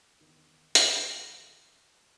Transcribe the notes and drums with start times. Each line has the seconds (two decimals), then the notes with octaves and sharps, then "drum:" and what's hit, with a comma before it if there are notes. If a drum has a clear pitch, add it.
0.21 E2 D#3
0.75 drum: hi-hat